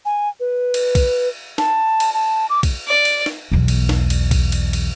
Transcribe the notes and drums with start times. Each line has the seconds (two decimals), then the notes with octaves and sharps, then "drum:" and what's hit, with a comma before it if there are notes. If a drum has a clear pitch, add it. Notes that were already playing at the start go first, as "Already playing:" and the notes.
0.05 G#5
0.40 B4
0.74 drum: cymbal
0.95 drum: kick B1, cymbal
1.58 A5, drum: snare
2.00 drum: cymbal
2.14 A5
2.50 D6
2.63 drum: kick B1, cymbal
2.87 D5
3.05 drum: cymbal
3.26 drum: snare
3.51 B1 E2
3.68 drum: cymbal
3.89 drum: snare
4.10 drum: cymbal
4.31 drum: kick B1, cymbal
4.52 drum: cymbal
4.73 drum: cymbal